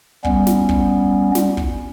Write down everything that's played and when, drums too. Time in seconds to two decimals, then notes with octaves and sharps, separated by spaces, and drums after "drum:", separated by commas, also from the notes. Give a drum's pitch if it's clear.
0.25 G3 B3 C#4, drum: kick
0.47 drum: snare
0.69 drum: kick
1.35 drum: snare
1.57 drum: kick